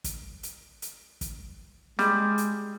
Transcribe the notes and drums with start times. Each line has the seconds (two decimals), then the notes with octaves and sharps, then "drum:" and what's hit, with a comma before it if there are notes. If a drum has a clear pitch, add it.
0.04 drum: kick, hi-hat
0.43 drum: hi-hat
0.82 drum: hi-hat
1.21 drum: kick, hi-hat
1.99 G3 G#3, drum: snare
2.38 drum: hi-hat